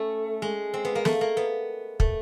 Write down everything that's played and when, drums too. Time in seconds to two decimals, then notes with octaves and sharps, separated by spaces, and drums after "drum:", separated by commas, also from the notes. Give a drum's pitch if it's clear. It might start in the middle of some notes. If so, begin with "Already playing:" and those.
Already playing: A3 C#4
0.42 G#3
0.74 C4
0.85 B3
0.95 A#3
1.05 A3, drum: snare
1.21 A#3
1.37 B3
2.00 A3, drum: kick